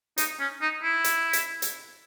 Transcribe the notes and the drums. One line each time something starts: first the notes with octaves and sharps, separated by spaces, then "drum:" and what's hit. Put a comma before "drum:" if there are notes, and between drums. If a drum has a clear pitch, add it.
D#4, drum: hi-hat
C#4
D#4
E4
drum: hi-hat
drum: hi-hat
drum: hi-hat